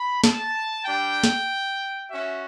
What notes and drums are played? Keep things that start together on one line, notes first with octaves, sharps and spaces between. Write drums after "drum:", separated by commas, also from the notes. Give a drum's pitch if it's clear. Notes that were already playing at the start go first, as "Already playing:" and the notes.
Already playing: B5
A5, drum: snare
G3 D4 G4 G5
drum: snare
C#4 F#4 E5